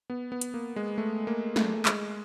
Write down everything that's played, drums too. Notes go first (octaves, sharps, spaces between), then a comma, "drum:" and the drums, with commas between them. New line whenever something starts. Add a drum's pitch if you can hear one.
B3
B3
drum: hi-hat
A#3
G#3
A3
A#3
A3, drum: snare
G#3, drum: clap